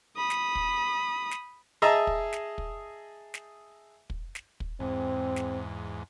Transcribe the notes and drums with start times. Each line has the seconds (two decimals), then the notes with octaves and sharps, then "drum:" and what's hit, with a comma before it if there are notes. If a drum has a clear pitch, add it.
0.17 B5 D#6
0.30 drum: snare
0.55 drum: kick
1.31 drum: snare
1.82 G#4 D#5 E5 A5 A#5
2.07 drum: kick
2.33 drum: snare
2.58 drum: kick
3.34 drum: snare
4.10 drum: kick
4.35 drum: snare
4.60 drum: kick
4.80 E2 G#2 C4
5.36 drum: snare